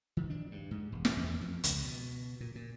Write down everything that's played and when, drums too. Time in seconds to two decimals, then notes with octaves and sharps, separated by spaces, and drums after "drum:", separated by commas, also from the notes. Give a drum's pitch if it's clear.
0.17 D#3
0.30 D4
0.51 G2
0.71 G#2
0.92 E1
1.05 drum: snare
1.17 E2
1.41 F2
1.64 C#2, drum: hi-hat
1.84 B2
2.40 A#2
2.55 A#2